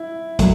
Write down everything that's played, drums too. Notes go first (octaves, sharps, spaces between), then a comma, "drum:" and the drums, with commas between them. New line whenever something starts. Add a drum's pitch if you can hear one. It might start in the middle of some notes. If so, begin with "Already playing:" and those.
Already playing: E4
F#3 A3, drum: kick, hi-hat